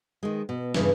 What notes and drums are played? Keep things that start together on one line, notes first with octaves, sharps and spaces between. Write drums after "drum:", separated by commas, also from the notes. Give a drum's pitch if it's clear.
D#3 G#3
B2
E2 G2 C#3 E3, drum: snare